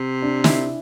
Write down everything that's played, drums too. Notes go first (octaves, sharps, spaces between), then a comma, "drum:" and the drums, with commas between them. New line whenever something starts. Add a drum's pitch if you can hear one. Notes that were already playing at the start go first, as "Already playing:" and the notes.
Already playing: C3
D4
E4, drum: snare